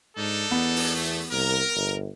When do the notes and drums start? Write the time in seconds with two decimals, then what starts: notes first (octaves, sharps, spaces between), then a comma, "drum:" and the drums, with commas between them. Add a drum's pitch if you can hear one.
0.17 G#2 D4 D#4 A4
0.51 E2 B3
0.76 drum: open hi-hat
0.96 A3
1.32 C2 A#4
1.75 G1